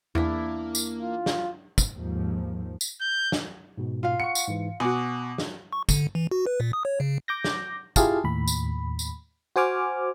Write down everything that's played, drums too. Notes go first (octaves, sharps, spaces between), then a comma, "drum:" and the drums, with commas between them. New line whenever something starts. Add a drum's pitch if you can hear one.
E2 A#3 D4 E4
drum: tambourine
F4
drum: snare
drum: kick, tambourine
D#2 G#2 F3
drum: tambourine
G6
drum: snare
G#2 B2
F4 F5
F#5 C#6 C#7
drum: tambourine
G#2 E3
B2 F#4 G#5 D6 D#6
drum: snare
C#6
D3, drum: kick, tambourine
E3
F#4
B4
A#2
D#6
C#5
C#3
D6 G6 A#6
drum: snare
E4 F4 G4 G#4 F5 A5, drum: kick, tambourine
D#2 A2 B5
drum: tambourine
drum: tambourine
F#4 C5 G#5 D6 F6